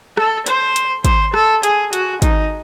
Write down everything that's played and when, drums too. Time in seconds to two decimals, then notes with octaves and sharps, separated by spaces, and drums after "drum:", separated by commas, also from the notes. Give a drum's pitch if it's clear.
0.17 A4, drum: rim click
0.46 C5, drum: hi-hat
0.76 drum: hi-hat
1.05 C5, drum: kick, hi-hat
1.34 A4, drum: rim click
1.63 G#4, drum: hi-hat
1.93 F#4, drum: hi-hat
2.22 D#4, drum: kick, hi-hat